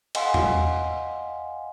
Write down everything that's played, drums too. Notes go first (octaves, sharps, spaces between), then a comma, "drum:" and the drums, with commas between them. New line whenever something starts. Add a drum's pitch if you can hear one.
D#5 F5 F#5 G#5 C6, drum: cymbal
drum: tom E2